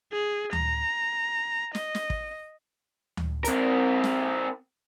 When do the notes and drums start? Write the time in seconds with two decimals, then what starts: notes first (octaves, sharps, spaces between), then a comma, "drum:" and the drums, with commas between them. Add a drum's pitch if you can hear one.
0.12 G#4
0.53 A#5, drum: tom D2
1.75 D#5, drum: snare
1.95 drum: snare
2.10 drum: kick
3.17 drum: tom D2
3.45 C4 A#4, drum: hi-hat
4.04 drum: snare